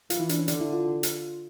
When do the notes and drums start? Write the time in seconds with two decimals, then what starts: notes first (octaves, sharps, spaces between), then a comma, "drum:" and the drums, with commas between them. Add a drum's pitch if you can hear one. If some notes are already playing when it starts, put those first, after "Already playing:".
0.10 E3 F4, drum: hi-hat
0.20 E4
0.29 D4, drum: hi-hat
0.38 C#4
0.48 D3 D4, drum: hi-hat
0.60 E4
0.73 F4
1.03 drum: hi-hat